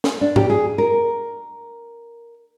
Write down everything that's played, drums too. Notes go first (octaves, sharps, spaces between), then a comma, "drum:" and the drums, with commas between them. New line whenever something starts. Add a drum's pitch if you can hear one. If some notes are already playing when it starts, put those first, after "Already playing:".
drum: snare
D4
G4, drum: tom G#2
G#4
A#4